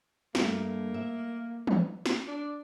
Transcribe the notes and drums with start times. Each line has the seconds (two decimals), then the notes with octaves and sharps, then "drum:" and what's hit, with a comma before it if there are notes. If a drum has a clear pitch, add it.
0.35 G2 A3 A#3 A#4, drum: snare
0.94 E5
1.67 drum: tom E3
2.06 drum: snare
2.28 D4